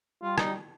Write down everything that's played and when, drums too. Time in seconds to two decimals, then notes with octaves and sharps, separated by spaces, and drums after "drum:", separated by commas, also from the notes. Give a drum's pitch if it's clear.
0.23 G3 F4
0.38 D#4, drum: rim click